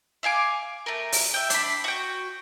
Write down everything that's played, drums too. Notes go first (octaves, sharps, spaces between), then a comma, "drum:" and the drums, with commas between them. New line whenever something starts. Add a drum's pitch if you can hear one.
E5 F5 G#5 D6
A3 A#4
drum: open hi-hat
E5 G5
D4 B5, drum: hi-hat
F#4 G5